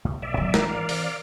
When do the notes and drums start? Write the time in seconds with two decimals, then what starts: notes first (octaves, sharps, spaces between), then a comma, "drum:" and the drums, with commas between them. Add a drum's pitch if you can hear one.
0.05 C#2 A2 G3
0.22 B1 D5 E5
0.37 G#2 B2 D#3 F#3 A#3
0.54 D#1 E3 A#3 D4 A#4, drum: snare
0.69 G#1 D5 F5
0.89 C3, drum: open hi-hat